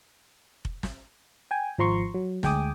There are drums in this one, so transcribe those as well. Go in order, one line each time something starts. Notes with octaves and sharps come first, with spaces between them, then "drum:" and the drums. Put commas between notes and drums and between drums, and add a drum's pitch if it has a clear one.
drum: kick F1
drum: snare
G5 G#5
G#1 F3 A#5 C6 C#6
F#3
D2 G#3 G5 G#5 D6 D#6, drum: snare